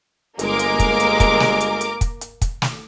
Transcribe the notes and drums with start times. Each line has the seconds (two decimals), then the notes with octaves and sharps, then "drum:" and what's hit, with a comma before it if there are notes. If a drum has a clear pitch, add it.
0.39 G1 G#3 A#3 A#4 D6, drum: hi-hat
0.59 drum: hi-hat
0.79 drum: kick, hi-hat
1.00 drum: hi-hat
1.20 drum: kick, hi-hat
1.40 drum: snare
1.61 drum: hi-hat
1.81 drum: hi-hat
2.01 drum: kick, hi-hat
2.21 drum: hi-hat
2.42 drum: kick, hi-hat
2.62 drum: snare